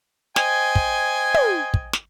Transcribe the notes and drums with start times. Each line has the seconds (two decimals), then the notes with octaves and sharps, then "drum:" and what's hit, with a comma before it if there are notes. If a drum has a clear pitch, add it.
0.36 C5 D#5 G5 G#5, drum: snare
0.75 drum: kick
1.34 drum: tom
1.74 drum: kick
1.93 drum: snare